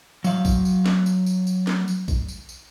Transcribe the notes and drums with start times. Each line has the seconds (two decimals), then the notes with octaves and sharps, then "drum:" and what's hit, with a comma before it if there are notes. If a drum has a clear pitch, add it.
0.24 F#3 F5, drum: tambourine
0.45 drum: kick A#1, tambourine
0.65 drum: tambourine
0.86 drum: snare
1.06 drum: tambourine
1.26 drum: tambourine
1.47 drum: tambourine
1.67 drum: snare
1.88 drum: tambourine
2.08 drum: kick A#1, tambourine
2.28 drum: tambourine
2.49 drum: tambourine